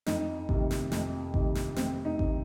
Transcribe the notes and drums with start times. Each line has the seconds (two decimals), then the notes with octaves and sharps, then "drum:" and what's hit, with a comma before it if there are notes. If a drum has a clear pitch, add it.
0.06 F2 D#4, drum: snare
0.49 C3 D#3, drum: kick G#1
0.71 drum: snare
0.92 F2, drum: snare
1.34 C3 D#3, drum: kick G#1
1.55 drum: snare
1.76 F2 C4, drum: snare
2.05 D#4
2.19 C3 D#3, drum: kick G#1